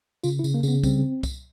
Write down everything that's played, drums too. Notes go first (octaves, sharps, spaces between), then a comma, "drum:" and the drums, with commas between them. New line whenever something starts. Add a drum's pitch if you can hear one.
C#3 F4, drum: tambourine
E4
C#3, drum: tambourine
A#3
C#3 B3, drum: tambourine
G3 C4, drum: kick, tambourine
drum: kick, tambourine